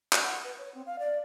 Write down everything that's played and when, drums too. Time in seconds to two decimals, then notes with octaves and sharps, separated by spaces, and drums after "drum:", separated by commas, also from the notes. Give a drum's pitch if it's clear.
0.13 drum: clap
0.22 F#5
0.44 B4
0.58 C#5
0.74 C4
0.86 F5
0.99 D5